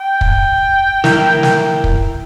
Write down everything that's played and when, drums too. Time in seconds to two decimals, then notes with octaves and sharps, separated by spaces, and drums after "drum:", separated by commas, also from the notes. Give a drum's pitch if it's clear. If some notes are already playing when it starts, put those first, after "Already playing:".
0.01 G5
0.21 drum: kick
1.04 E4 A#4, drum: snare
1.43 drum: snare
1.84 drum: kick